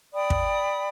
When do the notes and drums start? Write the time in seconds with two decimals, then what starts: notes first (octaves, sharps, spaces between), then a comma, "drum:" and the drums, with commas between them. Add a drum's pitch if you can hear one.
0.14 D5 G5 B5 D#6
0.30 drum: kick